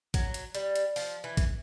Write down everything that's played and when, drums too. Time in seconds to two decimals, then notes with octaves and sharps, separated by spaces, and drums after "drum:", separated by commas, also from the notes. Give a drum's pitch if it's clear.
0.14 F#3, drum: kick, hi-hat
0.34 drum: hi-hat
0.55 G3, drum: hi-hat
0.76 drum: hi-hat
0.96 F3, drum: open hi-hat
1.24 E3
1.37 drum: kick, hi-hat